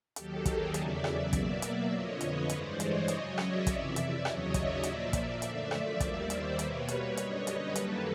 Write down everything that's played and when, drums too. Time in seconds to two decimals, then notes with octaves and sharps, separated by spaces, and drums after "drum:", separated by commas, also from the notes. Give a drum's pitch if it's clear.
0.16 D#2 D#3 F#3 G4 A4, drum: hi-hat
0.46 G#4 A#4, drum: kick, hi-hat
0.74 E2 C#3 F#3 D5 E5, drum: hi-hat
1.04 drum: rim click
1.33 B2 F#3 A#3, drum: kick, hi-hat
1.62 D5 E5, drum: hi-hat
1.92 F2 D3 F3 C#5 D#5
2.21 B4 C#5, drum: hi-hat
2.49 G2 E3 G#3 C5 D5, drum: hi-hat
2.80 C#5 D#5, drum: hi-hat
3.08 F#2 C#3 F#3, drum: hi-hat
3.38 D5 E5, drum: rim click
3.67 F2 C3 E3 D5 E5, drum: kick, hi-hat
3.96 drum: hi-hat
4.25 D#2 C#3 F#3 C#5 D#5, drum: rim click
4.54 D5 E5, drum: kick, hi-hat
4.83 A#2 F3 A#3, drum: hi-hat
5.13 drum: kick, hi-hat
5.42 F#2 D3 F3 A3, drum: hi-hat
5.71 D5 E5, drum: rim click
6.00 D#2 D#3 G3 A#3, drum: kick, hi-hat
6.30 C5 D5, drum: hi-hat
6.59 B2 G3 A#3 B4 C#5, drum: hi-hat
6.88 drum: hi-hat
7.17 F#2 D3 G3 C#5 D#5, drum: hi-hat
7.47 B4 C#5, drum: hi-hat
7.75 F#2 D#3 G3 A#3 A4 B4, drum: hi-hat